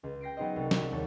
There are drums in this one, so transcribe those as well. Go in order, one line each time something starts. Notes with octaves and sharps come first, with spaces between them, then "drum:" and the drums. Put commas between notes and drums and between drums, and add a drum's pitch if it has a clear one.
C#2
G5 A#6 C7 D7
F#3 B3 D#4 G#4 C5 D#5
C2
F#3, drum: snare
D#2 A4 C#5